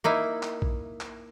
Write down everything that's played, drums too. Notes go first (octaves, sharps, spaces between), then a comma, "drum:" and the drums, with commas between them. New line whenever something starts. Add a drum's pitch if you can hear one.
A#3 D#4 E4
drum: clap
drum: kick A#1
drum: clap